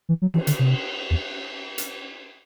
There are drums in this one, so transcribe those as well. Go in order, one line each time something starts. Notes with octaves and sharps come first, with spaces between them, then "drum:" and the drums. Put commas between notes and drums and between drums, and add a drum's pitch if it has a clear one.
E3
F#3
E3, drum: cymbal
D3, drum: hi-hat
C3
E2
drum: hi-hat